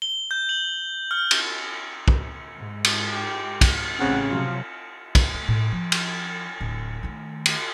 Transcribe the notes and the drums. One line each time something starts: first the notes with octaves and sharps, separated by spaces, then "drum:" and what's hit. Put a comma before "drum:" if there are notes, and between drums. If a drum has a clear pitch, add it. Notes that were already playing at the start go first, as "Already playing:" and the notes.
G7
G6
F#7
F6
drum: cymbal
drum: kick
G#2
drum: cymbal
G4
drum: kick, cymbal
A1 C#3 C4 F#5
C3 F3 F#3 F4
drum: kick, cymbal
A3
A2
F3
drum: cymbal
D1
D#3 A3
drum: cymbal